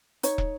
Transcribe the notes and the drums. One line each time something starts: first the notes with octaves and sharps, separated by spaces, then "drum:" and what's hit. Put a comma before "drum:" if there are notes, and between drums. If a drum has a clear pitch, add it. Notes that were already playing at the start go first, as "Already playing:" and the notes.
D#4 C#5, drum: hi-hat
drum: kick